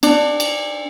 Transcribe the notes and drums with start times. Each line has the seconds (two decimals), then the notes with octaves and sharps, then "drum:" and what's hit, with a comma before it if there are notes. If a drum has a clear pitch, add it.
0.03 D4, drum: cymbal
0.40 drum: cymbal